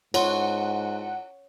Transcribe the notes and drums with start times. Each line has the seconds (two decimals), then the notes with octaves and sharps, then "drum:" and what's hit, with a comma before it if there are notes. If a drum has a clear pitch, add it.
0.14 G#2 F4 C#5 F#5 C6, drum: cymbal